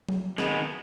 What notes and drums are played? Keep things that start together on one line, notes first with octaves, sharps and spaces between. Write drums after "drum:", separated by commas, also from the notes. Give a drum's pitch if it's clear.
drum: tom F#3
D#3 G#3 B3, drum: snare